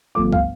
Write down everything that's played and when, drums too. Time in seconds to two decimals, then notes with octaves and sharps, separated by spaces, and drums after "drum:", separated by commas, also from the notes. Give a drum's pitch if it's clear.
0.15 G1 G2 F3 A3 D6
0.33 F5, drum: kick